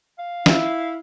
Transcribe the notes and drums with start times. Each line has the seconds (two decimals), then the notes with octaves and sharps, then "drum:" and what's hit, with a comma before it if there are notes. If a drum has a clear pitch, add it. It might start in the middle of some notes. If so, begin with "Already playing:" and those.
0.19 F5
0.46 E4, drum: snare